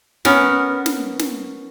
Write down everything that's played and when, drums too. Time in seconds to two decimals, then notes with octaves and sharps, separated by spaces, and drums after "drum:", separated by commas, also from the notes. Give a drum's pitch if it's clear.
0.25 B3 C#4 A#4, drum: snare
0.86 drum: snare
1.19 drum: snare